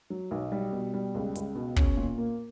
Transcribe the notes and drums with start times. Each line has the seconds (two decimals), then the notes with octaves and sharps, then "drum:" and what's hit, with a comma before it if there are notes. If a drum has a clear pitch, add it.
0.10 F#3
0.31 B1
0.52 G3
0.73 B2
0.94 G3
1.15 C#2
1.35 C#2, drum: hi-hat
1.55 B2
1.76 C#4, drum: kick
1.97 A#2
2.18 A#3